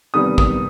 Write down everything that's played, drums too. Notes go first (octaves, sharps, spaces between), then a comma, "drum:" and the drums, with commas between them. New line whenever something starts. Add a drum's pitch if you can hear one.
E2 C3 D#3 G3 B3 D#6
D#6, drum: kick